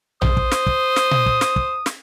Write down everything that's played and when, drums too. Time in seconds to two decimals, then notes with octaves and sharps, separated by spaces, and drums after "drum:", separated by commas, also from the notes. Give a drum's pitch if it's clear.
0.22 C5 D#6, drum: tom A#1
0.37 drum: kick
0.52 drum: snare
0.67 drum: kick
0.96 drum: snare
1.11 drum: tom A#2
1.26 drum: kick
1.41 drum: snare
1.56 drum: kick
1.86 drum: snare